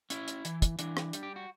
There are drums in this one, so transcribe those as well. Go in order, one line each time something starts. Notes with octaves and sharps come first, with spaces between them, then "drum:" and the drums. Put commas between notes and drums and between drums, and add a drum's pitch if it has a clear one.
C#4 E4, drum: hi-hat
drum: hi-hat
E3, drum: hi-hat
drum: kick, hi-hat
E3 D4, drum: hi-hat
drum: rim click
G3, drum: hi-hat
G4
F#4